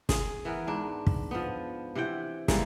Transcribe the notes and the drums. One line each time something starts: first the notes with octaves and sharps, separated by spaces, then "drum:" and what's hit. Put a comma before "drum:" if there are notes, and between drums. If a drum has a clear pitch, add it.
G#4, drum: snare
E3 B3 A#4
G#2 D4
drum: kick
F3 B3
C3 E3 F#5 G5
E3 G3 G#3 A#3, drum: snare